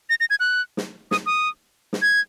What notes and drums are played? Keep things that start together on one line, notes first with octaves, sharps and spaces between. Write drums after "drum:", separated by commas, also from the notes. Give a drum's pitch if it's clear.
A#6
A#6
G#6
F#6
drum: snare
D#6, drum: snare
D#6
drum: snare
G#6